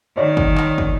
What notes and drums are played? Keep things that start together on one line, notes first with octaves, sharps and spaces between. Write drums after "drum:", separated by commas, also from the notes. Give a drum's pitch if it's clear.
D#3 C#5 D5
drum: kick
drum: clap
drum: kick